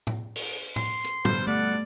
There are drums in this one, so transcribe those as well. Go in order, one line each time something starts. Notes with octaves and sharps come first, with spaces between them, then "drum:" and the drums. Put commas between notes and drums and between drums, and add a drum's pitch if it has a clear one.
drum: tom A2
drum: open hi-hat
C6, drum: tom A2
drum: hi-hat
G2 B2 D3 C5, drum: tom
A3 D5 F#5